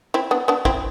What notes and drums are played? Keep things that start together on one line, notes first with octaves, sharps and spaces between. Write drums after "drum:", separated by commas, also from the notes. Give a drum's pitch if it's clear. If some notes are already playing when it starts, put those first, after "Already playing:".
C4 E4
B3 D4
B3 D4
C4 E4, drum: kick A1